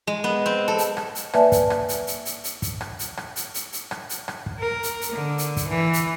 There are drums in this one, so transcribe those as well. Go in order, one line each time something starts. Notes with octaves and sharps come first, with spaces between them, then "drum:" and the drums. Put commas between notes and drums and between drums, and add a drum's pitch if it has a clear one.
G#3
B3
C4
A4
drum: hi-hat
drum: rim click
drum: hi-hat
A#3 B4 D5 E5 G#5 A5, drum: rim click
drum: kick, hi-hat
drum: rim click
drum: hi-hat
drum: hi-hat
drum: hi-hat
drum: hi-hat
drum: kick, hi-hat
drum: rim click
drum: hi-hat
drum: rim click
drum: hi-hat
drum: hi-hat
drum: hi-hat
drum: rim click
drum: hi-hat
drum: rim click
drum: kick
A#4
drum: hi-hat
drum: hi-hat
D3
drum: hi-hat
drum: kick, hi-hat
E3
drum: hi-hat